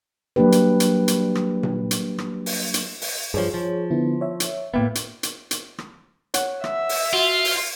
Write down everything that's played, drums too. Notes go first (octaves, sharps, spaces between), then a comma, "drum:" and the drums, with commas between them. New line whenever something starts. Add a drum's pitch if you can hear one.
F#3 G3 A#3 D4 G4 B4
drum: hi-hat
drum: hi-hat
drum: hi-hat
drum: rim click
drum: tom A#2
drum: hi-hat
drum: rim click
drum: open hi-hat
drum: hi-hat
drum: open hi-hat
G2 F3 G#4 C#5
F3
D3 B3 E4
C#5 E5
drum: hi-hat
A2 A#3 B3 E5 G5 B5
drum: hi-hat
drum: hi-hat
drum: hi-hat
drum: rim click
C#5 F#5, drum: hi-hat
E5, drum: rim click
drum: open hi-hat
F4 F#4
drum: open hi-hat